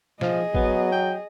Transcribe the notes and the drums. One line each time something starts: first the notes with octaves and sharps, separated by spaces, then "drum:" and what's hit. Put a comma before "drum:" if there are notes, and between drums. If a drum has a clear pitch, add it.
F3 G#4 D#5, drum: snare
F#3 B3, drum: kick A1
G5